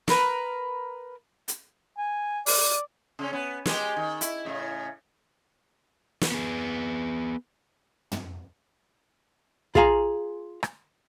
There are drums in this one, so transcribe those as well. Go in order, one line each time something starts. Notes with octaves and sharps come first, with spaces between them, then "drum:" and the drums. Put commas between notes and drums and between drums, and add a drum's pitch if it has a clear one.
A#4 B4, drum: snare
drum: hi-hat
G#5
D5, drum: open hi-hat
C#3 C#4
B3
G#3 G4, drum: snare
D#3
E4, drum: hi-hat
A2 C#3
drum: snare
B3 G#4
drum: tom
F4 G#4 F5 G#5 A#5, drum: kick
drum: rim click